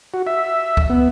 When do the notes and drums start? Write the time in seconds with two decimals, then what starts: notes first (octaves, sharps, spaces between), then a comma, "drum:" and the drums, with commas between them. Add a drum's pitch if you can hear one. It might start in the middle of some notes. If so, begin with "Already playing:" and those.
0.14 F#4
0.27 E5
0.77 drum: kick
0.90 B3